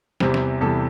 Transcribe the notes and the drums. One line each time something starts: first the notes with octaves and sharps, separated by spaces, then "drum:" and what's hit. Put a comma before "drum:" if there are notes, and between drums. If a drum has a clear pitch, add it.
E2 C3 E3 G3 C5, drum: snare
drum: snare
E2 C3 E3 G3 A4